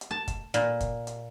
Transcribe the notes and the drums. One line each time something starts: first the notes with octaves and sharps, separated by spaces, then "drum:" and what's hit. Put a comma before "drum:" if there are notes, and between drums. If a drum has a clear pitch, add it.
drum: hi-hat
A5
drum: kick, hi-hat
A#2, drum: hi-hat
drum: kick, hi-hat
drum: hi-hat